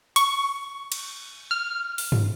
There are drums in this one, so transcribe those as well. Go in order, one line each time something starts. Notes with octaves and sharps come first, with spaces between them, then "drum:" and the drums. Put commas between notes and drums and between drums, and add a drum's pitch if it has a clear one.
C#6, drum: hi-hat
drum: cymbal
F6
drum: open hi-hat
drum: tom G2